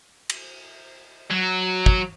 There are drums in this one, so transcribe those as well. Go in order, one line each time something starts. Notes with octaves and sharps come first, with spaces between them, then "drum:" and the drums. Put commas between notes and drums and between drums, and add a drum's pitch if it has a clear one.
drum: cymbal
F#3
drum: kick